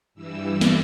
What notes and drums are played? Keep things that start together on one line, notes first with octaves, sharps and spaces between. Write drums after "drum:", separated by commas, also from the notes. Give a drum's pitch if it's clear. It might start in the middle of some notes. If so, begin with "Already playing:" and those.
G2 E3 G3 E6
drum: snare